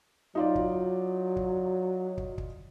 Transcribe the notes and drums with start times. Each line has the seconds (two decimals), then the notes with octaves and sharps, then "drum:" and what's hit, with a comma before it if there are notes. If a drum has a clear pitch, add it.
0.35 F#3 D#4 F4 D5
0.55 drum: kick
1.36 drum: kick
2.18 drum: kick
2.38 drum: kick